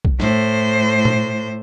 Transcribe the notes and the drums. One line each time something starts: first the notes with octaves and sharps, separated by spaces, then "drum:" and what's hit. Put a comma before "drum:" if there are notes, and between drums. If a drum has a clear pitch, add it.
drum: kick B1
A2 C5, drum: snare
drum: tom A#2